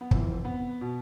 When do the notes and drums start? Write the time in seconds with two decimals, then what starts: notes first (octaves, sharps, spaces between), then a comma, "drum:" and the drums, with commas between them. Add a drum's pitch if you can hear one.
0.01 B3
0.11 F1 F2 E3 C4, drum: kick
0.45 B3
0.81 B2